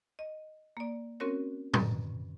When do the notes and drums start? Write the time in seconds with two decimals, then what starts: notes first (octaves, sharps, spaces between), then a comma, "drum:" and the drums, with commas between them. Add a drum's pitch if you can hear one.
0.19 D#5
0.77 A#3 D5
1.20 C4 C#4 F#4 A#4 C#5
1.74 F#2 B2 D3 D#3, drum: tom A2